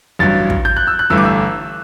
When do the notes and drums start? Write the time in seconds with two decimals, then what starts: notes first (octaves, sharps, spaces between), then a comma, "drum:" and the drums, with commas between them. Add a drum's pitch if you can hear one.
0.19 A1 G2 F#3 A6
0.50 drum: kick
0.65 G6
0.77 F#6
0.87 E6
0.99 F#6
1.10 G1 G2 E3 A3 E6
1.18 D6
1.25 E6